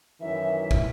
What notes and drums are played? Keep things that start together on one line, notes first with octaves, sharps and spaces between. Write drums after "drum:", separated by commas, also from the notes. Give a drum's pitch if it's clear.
F#2 D#3 E3 E5
drum: kick